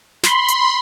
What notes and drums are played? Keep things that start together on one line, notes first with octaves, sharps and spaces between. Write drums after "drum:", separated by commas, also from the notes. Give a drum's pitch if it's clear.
B5 C6, drum: snare
drum: hi-hat